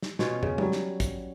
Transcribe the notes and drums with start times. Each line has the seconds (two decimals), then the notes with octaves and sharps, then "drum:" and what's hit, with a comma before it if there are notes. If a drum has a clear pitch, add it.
0.02 drum: snare
0.19 B2 C#4 F4 C#5, drum: snare
0.43 C#3, drum: tom
0.58 F#3 G3, drum: tom G#3
0.72 drum: snare
1.00 drum: kick, hi-hat